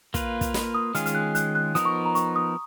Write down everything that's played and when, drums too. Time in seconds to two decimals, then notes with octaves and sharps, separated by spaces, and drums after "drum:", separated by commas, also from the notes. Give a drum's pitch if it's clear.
0.14 A#3 F4 B4, drum: kick, hi-hat
0.41 drum: kick, hi-hat
0.54 B5, drum: snare
0.74 D#6
0.95 D#3 G#3 C#4 F4 G#4 F6, drum: hi-hat
1.06 F6, drum: hi-hat
1.15 F#6
1.35 F#6, drum: hi-hat
1.55 F#6
1.75 F3 B3 D#4 A#4 D#6, drum: hi-hat
1.85 C#6
2.05 A#5
2.15 C#6, drum: hi-hat
2.36 D#6